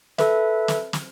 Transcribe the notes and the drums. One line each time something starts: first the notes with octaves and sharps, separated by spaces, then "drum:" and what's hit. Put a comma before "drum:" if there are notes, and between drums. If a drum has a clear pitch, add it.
A4 B4 E5, drum: snare
drum: snare
drum: snare